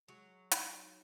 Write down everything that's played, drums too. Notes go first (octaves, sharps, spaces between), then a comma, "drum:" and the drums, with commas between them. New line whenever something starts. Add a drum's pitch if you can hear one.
F#3 G#3
D#4, drum: hi-hat